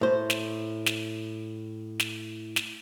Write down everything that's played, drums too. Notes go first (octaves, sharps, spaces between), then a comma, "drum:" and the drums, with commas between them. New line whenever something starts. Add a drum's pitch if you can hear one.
A2 C5
drum: snare
drum: snare
drum: snare
drum: snare